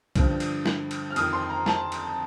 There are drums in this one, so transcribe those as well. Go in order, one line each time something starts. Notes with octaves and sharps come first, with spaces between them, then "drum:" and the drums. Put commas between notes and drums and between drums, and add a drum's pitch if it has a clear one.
G2 D3 F3, drum: kick B1, cymbal
drum: cymbal
drum: snare
drum: cymbal
F6
F2 D#3 D#6, drum: cymbal
C6
A#5
A5, drum: snare
drum: cymbal